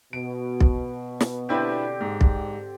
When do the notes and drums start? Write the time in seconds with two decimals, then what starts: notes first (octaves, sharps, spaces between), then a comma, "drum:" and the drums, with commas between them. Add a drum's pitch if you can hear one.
0.13 B2 D7
0.60 drum: kick B1
1.21 drum: snare
1.49 D3 C4 D4 E4 G4 B4
2.01 G#2
2.21 drum: kick B1